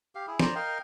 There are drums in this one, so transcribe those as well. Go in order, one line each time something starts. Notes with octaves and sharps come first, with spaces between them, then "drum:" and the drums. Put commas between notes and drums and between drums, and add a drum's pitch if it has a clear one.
G4 F5
E4 G#4
C5 D5 A#5, drum: snare
A#4 D#5 F5 G5